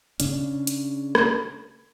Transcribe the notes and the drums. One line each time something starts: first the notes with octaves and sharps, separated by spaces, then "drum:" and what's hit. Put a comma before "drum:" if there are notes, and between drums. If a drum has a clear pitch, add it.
C#3 C#4 D4, drum: hi-hat
drum: hi-hat
drum: rim click